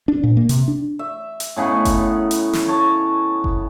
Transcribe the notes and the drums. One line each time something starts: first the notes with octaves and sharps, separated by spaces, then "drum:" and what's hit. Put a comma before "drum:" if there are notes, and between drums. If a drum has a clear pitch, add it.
D4
A#2
A#3
C3, drum: hi-hat
D4
E5
drum: hi-hat
A2 C#3 B3 D#4
drum: kick F#1, hi-hat
drum: hi-hat
drum: snare
C#5 A5
drum: kick F#1